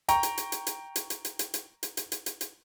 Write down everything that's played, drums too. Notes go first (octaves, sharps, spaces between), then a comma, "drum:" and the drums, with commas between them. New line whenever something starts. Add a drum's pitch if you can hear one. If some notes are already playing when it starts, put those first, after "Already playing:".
G5 A#5 C#6, drum: hi-hat
drum: hi-hat
drum: hi-hat
drum: hi-hat
drum: hi-hat
drum: hi-hat
drum: hi-hat
drum: hi-hat
drum: hi-hat
drum: hi-hat
drum: hi-hat
drum: hi-hat
drum: hi-hat
drum: hi-hat
drum: hi-hat